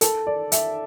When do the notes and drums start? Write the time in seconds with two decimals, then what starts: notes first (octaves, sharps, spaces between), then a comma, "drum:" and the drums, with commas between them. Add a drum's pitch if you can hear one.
0.01 A4, drum: hi-hat
0.27 D5
0.52 E5, drum: hi-hat